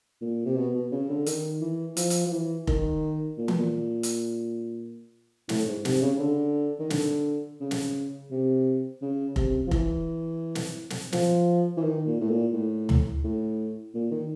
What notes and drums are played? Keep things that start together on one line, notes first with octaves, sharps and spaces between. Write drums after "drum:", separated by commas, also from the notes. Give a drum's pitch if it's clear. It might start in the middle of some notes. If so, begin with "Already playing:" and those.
A#2
C3
B2
B2
C#3
D3
D#3, drum: hi-hat
E3
F3, drum: hi-hat
drum: hi-hat
F3
E3
D#3, drum: kick F1
A#2
B2, drum: tom E3
A#2
drum: hi-hat
A2, drum: snare
G#2
C3, drum: snare
C#3
D3
D#3
D3, drum: snare
C#3
drum: snare
C3
C#3
C3, drum: kick F1
F3
E3, drum: kick F1
drum: snare
drum: snare
F3, drum: snare
E3
D#3
A#2
A2
A#2
A2
drum: tom
A2
A#2
D#3